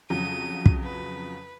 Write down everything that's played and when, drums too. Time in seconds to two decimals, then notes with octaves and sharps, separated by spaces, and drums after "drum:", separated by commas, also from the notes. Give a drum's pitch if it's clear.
0.10 F2 C#3 F#3 D#7
0.66 drum: kick
0.83 B4